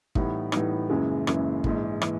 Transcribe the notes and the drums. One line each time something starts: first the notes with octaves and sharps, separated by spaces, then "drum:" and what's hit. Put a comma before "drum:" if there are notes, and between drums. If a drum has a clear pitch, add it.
A2 E3 G3 B3 D#4, drum: kick
A2 E3 G3 B3 D#4, drum: rim click
F#1 F#2 C#3 E3 G#3
F#1 F#2 C#3 E3 G#3, drum: rim click
A#1 G#2 E3, drum: kick
E3, drum: rim click